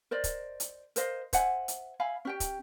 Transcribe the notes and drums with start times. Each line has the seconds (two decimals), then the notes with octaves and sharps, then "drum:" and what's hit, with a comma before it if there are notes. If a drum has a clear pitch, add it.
0.11 A#4 C5 D5 D#5
0.24 drum: kick, hi-hat
0.60 drum: hi-hat
0.96 A#4 C5 D#5 F5, drum: hi-hat
1.33 C5 E5 F#5 G#5, drum: kick, hi-hat
1.68 drum: hi-hat
2.00 E5 F5 G#5 B5
2.25 C#4 G4 G5
2.40 drum: kick, hi-hat